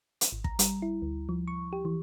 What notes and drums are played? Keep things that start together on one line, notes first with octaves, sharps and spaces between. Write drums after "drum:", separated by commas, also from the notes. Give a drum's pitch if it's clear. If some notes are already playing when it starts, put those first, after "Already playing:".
drum: hi-hat
G#1
A#5, drum: kick
G3, drum: hi-hat
E4
D2
F3
C#6
G4
E3